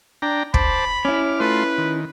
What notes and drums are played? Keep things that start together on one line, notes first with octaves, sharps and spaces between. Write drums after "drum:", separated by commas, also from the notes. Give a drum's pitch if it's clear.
D4 G5 A#5
C5 A5 B5 D6, drum: kick
C#4 E4 D6 F6
A3 F4 B4 C6
D#3